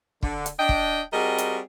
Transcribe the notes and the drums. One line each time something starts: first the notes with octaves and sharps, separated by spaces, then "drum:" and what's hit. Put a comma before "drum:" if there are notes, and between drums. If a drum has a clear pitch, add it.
D3, drum: kick
drum: hi-hat
D4 D#5 G5
drum: kick
G3 C4 F#4 G#4 A#4 D#5
drum: hi-hat